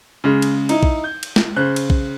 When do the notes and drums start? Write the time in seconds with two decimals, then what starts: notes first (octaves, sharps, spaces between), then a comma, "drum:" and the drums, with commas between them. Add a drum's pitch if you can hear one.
0.24 C#3 G#3
0.42 drum: cymbal
0.69 D#4 E4, drum: cymbal
0.83 drum: kick A#1
1.04 G6
1.23 drum: cymbal
1.36 drum: snare
1.56 C#3 C5 F#6
1.76 drum: cymbal
1.90 drum: kick A#1